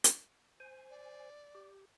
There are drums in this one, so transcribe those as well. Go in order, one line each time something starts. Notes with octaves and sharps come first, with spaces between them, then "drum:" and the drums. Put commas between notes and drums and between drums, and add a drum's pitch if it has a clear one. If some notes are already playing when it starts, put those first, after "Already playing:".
drum: hi-hat
C5 G#5
D5
G4